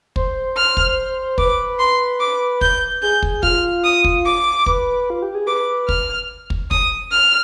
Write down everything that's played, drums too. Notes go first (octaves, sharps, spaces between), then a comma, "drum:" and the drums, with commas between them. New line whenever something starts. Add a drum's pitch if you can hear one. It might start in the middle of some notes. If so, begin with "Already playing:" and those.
C5, drum: kick
F6
drum: kick
B4 D6, drum: kick
C6
D6
G6, drum: kick
G#4 G6
drum: kick
F4 F6, drum: kick
D#6
drum: kick
D6
B4, drum: kick
F4
G4
G#4
B4 D6
F6, drum: kick
drum: kick
D#6, drum: kick
F6